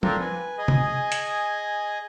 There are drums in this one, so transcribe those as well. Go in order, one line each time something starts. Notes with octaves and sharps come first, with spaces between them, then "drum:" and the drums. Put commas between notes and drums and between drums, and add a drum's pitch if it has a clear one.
C4 D4 F4 A4 A#4, drum: tom
B4 G#5
G#4 D#5 G#5
drum: tom C3
drum: hi-hat